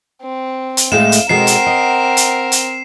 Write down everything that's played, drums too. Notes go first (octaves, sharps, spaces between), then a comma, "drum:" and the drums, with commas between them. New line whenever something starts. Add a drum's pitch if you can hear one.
C4
drum: hi-hat
A2 G#3 A3 F5 E7
drum: hi-hat
B2 G#3 C4 A4 A#4 F#5 C7
drum: hi-hat
D#5
drum: hi-hat
drum: hi-hat